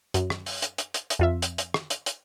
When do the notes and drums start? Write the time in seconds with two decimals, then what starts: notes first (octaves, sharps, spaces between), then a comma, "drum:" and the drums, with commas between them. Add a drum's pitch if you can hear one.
0.14 F#2, drum: hi-hat
0.30 drum: rim click
0.46 drum: open hi-hat
0.62 drum: hi-hat
0.78 drum: hi-hat
0.94 drum: hi-hat
1.10 drum: hi-hat
1.19 F2 F4 E5
1.42 drum: hi-hat
1.58 drum: hi-hat
1.74 drum: rim click
1.90 drum: hi-hat
2.06 drum: hi-hat